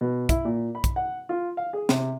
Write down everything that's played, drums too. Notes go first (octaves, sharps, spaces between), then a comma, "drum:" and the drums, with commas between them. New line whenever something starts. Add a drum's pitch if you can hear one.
B2
E4, drum: kick, hi-hat
A#2
B5
drum: kick, hi-hat
F#5
F4
F5
G#4
C3, drum: snare